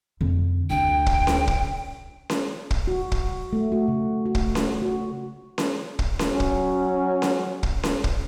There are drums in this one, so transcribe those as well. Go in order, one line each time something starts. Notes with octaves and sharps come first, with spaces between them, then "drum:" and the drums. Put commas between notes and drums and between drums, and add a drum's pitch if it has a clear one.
F2 D3
D2 D4 G5
drum: kick
drum: snare C#4
drum: kick
drum: snare C#4
drum: kick
F#4
drum: kick
A3
F#4
C#3
F#4
drum: kick
drum: snare C#4
F#4
drum: snare C#4
drum: kick
drum: snare C#4
F#3 C#4
drum: kick
drum: snare C#4
drum: kick
drum: snare C#4
drum: kick